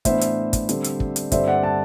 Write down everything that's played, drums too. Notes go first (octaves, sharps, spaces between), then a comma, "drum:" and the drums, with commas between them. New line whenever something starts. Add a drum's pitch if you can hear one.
A2 E3 B3 D4 C5 E5, drum: kick, hi-hat
drum: hi-hat
drum: kick, hi-hat
D3 G3 C4, drum: hi-hat
drum: hi-hat
drum: kick
drum: hi-hat
G2 D3 G3 C4 C5 E5, drum: kick, hi-hat
D5 F#5
F#5 A5